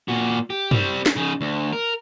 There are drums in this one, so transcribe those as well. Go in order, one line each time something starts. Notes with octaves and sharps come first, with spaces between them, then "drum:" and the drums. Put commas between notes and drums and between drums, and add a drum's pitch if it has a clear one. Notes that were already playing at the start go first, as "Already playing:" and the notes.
A#2 F#4
G4
G3 C4, drum: tom
drum: snare
C#3 D#4
D2
A#4